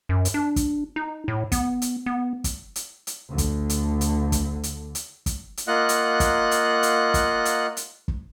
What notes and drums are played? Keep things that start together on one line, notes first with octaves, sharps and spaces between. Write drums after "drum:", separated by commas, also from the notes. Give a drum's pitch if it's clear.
F#2
drum: hi-hat
D4
drum: kick, hi-hat
D#4
A2
B3, drum: kick, hi-hat
drum: hi-hat
B3
drum: kick, hi-hat
drum: hi-hat
drum: hi-hat
D2 D3
drum: kick, hi-hat
drum: hi-hat
drum: hi-hat
drum: kick, hi-hat
drum: hi-hat
drum: hi-hat
drum: kick, hi-hat
drum: hi-hat
A#3 F4 D#5 F#5 F#6
drum: hi-hat
drum: kick, hi-hat
drum: hi-hat
drum: hi-hat
drum: kick, hi-hat
drum: hi-hat
drum: hi-hat
drum: kick